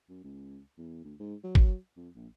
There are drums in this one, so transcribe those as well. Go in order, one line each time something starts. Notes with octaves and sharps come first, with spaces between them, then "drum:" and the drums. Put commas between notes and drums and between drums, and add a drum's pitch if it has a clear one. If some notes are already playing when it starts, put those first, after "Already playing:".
F#2
C#2
E2
D2
G#2
F#3
drum: kick
F2
A#1